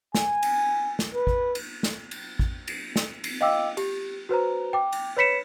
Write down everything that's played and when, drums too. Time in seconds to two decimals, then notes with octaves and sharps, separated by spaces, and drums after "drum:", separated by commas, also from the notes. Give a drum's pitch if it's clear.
0.15 G#5, drum: snare
0.43 drum: cymbal
0.99 drum: snare
1.14 B4
1.27 drum: kick A1
1.55 drum: cymbal
1.83 drum: snare
2.11 drum: cymbal
2.39 drum: kick A1
2.68 drum: cymbal
2.96 drum: snare
3.24 drum: cymbal
3.41 D#5 F5 G5 D6 E6
3.77 G4, drum: cymbal
4.29 F#4 B4 C5 A#5
4.73 G5 D6
4.92 drum: cymbal
5.17 B4 C#5 B5 B6 C#7 E7